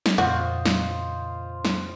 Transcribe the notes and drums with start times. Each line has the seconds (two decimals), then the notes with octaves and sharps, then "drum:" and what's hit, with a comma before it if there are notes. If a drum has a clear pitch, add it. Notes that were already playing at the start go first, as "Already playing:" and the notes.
0.06 drum: snare
0.18 F2 A#2 C#3 F4 F#4 C5 D#5
0.66 drum: snare
1.65 drum: snare